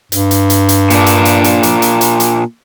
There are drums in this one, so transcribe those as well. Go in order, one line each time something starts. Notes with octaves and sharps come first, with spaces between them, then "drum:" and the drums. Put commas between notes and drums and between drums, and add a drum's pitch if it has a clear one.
G2, drum: hi-hat
drum: hi-hat
drum: hi-hat
drum: hi-hat
A#2 D4, drum: hi-hat
drum: hi-hat
drum: hi-hat
drum: hi-hat
drum: hi-hat
drum: hi-hat
drum: hi-hat
drum: hi-hat